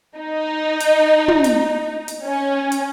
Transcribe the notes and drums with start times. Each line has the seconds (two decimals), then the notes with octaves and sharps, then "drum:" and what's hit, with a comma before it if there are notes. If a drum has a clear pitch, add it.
0.18 D#4
0.80 drum: hi-hat
1.28 drum: tom
1.44 drum: hi-hat
2.08 drum: hi-hat
2.24 C#4
2.72 drum: hi-hat